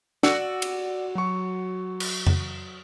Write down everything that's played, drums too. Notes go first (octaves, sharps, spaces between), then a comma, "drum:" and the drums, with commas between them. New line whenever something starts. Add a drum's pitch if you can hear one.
F#4 D5 E6 C#7, drum: snare
drum: cymbal
F#3 C#6
drum: cymbal
drum: tom F2